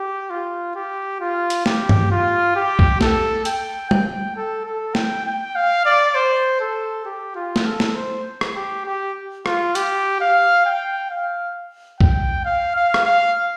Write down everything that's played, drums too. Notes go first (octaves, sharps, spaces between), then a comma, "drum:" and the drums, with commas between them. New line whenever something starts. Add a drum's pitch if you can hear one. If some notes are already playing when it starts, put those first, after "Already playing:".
Already playing: G4
F4
G4
F4
drum: hi-hat
G4, drum: snare
drum: tom
F4
G4
drum: kick
A4, drum: snare
G5, drum: hi-hat
G5, drum: tom G3
A4
A4
G5, drum: snare
G5
F5
D5
C5
A4
G4
F4
drum: snare
A4
drum: snare
C5
drum: rim click
G4
G4
F4, drum: rim click
G4, drum: hi-hat
F5
G5
F5
G5, drum: kick
F5
F5
drum: rim click
F5